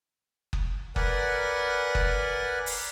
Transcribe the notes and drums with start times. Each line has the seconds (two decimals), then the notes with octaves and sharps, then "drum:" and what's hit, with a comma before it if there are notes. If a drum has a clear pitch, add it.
0.53 drum: kick F#1
0.96 A#4 B4 D5 F#5 G#5, drum: kick F#1
1.95 drum: kick F#1
2.66 drum: open hi-hat